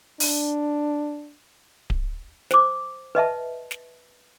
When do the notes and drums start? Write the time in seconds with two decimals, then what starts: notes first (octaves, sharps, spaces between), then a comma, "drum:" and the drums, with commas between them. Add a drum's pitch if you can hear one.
0.20 D4, drum: open hi-hat
1.90 drum: kick D1
2.51 C5 D6, drum: snare
3.15 B4 D#5 E5 A5
3.71 drum: snare